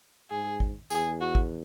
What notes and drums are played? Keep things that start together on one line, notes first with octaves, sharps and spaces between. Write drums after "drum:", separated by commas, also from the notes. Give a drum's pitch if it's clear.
G#2 G#4
drum: kick G#1
E2 G#4, drum: tambourine
F#4
drum: kick G#1